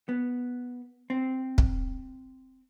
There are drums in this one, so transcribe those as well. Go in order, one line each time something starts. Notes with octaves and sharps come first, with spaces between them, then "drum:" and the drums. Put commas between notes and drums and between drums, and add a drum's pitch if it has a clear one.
B3
C4
drum: kick